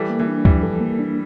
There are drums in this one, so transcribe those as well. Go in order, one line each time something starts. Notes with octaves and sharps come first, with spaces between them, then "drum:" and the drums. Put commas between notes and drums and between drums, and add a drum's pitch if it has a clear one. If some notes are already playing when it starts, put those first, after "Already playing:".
Already playing: E3 G3 A4
A#3
E3 G3
D4
E3 F3 G3, drum: kick C#2
A4
A#3
D4